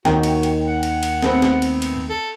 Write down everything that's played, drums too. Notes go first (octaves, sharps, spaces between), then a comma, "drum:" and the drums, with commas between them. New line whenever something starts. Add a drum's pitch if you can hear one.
D#2 D#3 F#4 G5, drum: snare
drum: cymbal
drum: cymbal
F#5
drum: cymbal
drum: cymbal
A3 B3 C4, drum: snare
drum: snare
drum: cymbal
drum: cymbal
A4